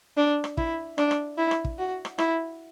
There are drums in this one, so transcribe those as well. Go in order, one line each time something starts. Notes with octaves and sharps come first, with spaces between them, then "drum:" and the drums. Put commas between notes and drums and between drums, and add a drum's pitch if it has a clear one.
D4
drum: rim click
E4, drum: kick
D4, drum: rim click
drum: rim click
E4
drum: rim click
drum: kick
F#4
drum: rim click
E4, drum: rim click